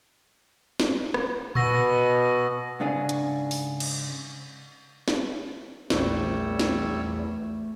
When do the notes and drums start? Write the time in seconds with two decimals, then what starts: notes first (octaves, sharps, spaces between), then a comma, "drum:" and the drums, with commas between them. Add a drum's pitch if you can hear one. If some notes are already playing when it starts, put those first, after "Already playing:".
0.80 drum: snare
1.14 drum: rim click
1.55 B2 B3 C#6 E6 A#6, drum: tom A#2
2.80 G#2 C#3 D4 G#4
3.09 drum: hi-hat
3.51 drum: open hi-hat
3.80 drum: cymbal
5.08 drum: snare
5.90 A#1 E2 G3 A3 C#5 E6, drum: snare
6.59 drum: snare